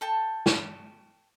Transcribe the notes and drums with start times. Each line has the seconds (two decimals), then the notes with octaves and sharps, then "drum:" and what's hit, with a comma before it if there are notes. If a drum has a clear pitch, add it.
0.01 A4 G5 A5
0.46 drum: snare